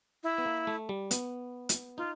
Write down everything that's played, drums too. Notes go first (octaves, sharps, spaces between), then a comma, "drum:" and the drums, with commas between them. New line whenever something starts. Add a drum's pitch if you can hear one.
E4
B3
A#3
A3
G3
B3, drum: hi-hat
drum: hi-hat
D#4 F4